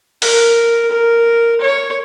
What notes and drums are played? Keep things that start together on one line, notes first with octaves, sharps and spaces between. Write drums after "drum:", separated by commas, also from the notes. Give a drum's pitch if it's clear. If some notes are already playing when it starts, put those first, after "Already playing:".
A#4, drum: open hi-hat
A#4
C#5